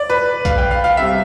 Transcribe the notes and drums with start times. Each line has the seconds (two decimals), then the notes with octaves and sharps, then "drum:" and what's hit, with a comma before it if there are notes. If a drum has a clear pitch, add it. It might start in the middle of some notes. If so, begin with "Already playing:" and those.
Already playing: D5
0.10 B4
0.45 F5, drum: kick, hi-hat
0.58 G5
0.71 F5
0.84 F5
0.97 C3 G3 E5